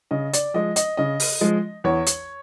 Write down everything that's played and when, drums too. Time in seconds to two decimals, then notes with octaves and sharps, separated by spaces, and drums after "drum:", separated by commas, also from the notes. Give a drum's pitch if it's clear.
0.11 C#3 D#5
0.33 D5, drum: hi-hat
0.54 F3 G#3 D#5
0.76 D#5, drum: hi-hat
0.97 C#3 D#5
1.20 drum: open hi-hat
1.41 F3 G#3
1.84 E2 C#5
2.06 drum: hi-hat